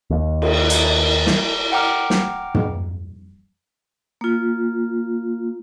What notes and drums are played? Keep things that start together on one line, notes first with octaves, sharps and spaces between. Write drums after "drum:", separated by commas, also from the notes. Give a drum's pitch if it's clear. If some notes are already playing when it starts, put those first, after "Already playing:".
D#2
drum: cymbal
drum: hi-hat
drum: snare
F#5 G5 A#5 D6 F6
drum: snare
drum: tom
A#3 F4